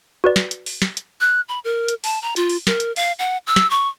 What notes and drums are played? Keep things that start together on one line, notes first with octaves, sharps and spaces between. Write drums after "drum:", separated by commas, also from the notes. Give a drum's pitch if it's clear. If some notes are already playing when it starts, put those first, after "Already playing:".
F#4 B4 D5
drum: snare
drum: hi-hat
drum: open hi-hat
drum: snare
drum: hi-hat
F#6
B5
A#4
drum: hi-hat
A5, drum: open hi-hat
A#5
F4, drum: hi-hat
drum: open hi-hat
A#4, drum: snare
drum: hi-hat
F5, drum: open hi-hat
F#5
E6
drum: snare
C#6